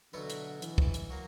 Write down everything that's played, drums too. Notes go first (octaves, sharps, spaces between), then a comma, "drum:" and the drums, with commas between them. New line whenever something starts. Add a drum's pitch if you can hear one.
B2 D3 F#3 B3 E4 B4
drum: hi-hat
E3, drum: hi-hat
drum: kick
drum: hi-hat
F#3 A#3